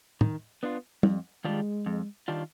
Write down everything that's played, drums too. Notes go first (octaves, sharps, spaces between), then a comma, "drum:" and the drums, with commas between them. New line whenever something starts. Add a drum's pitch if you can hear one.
D#3, drum: tom
B3 D4 F4
F2 G3, drum: tom
D#3 G3 G#3 D4 F4
F2
D#3 G3 D4 F4